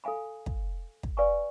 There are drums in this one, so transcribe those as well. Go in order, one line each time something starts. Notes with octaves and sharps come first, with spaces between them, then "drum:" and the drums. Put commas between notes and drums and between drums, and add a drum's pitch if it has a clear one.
A4 F5 G#5 B5
drum: kick
drum: kick
B4 D5 F5 G#5 C#6